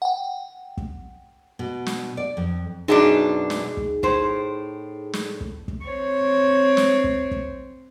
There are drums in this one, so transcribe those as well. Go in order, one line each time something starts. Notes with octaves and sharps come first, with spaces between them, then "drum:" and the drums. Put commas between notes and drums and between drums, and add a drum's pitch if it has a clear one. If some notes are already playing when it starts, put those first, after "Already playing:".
F#5 G5
drum: kick
B2
drum: snare
D5
F2
F#2 B2 D4 D#4 G#4
drum: snare
drum: kick
A2 C5, drum: kick
drum: snare
drum: kick
drum: kick
C4 C#5
drum: snare
drum: kick
drum: kick